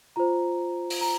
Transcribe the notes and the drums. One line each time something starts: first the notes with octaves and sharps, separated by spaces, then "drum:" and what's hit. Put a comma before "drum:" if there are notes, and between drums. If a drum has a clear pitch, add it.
F4 C5 A#5
drum: open hi-hat
A#5